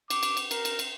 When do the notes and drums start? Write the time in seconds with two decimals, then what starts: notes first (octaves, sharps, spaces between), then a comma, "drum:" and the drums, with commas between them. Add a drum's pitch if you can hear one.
0.10 D6, drum: cymbal
0.23 drum: cymbal
0.37 drum: cymbal
0.51 A#4, drum: cymbal
0.65 drum: cymbal
0.79 drum: cymbal